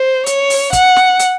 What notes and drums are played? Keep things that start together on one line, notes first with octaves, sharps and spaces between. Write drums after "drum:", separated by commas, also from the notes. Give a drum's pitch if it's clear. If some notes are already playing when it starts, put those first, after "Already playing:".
Already playing: C5
C#5, drum: hi-hat
drum: open hi-hat
F#5, drum: kick, hi-hat
drum: snare
drum: hi-hat